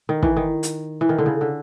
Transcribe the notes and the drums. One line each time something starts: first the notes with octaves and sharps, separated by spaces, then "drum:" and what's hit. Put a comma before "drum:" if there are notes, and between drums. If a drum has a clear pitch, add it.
D#3
E3, drum: kick
D#3
drum: hi-hat
E3
D#3
D3
C#3
D3